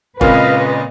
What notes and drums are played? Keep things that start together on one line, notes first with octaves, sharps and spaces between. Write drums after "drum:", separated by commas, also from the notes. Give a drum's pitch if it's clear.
A#2 C#3 G#3 C4 A#4 B4 D#5 F5, drum: kick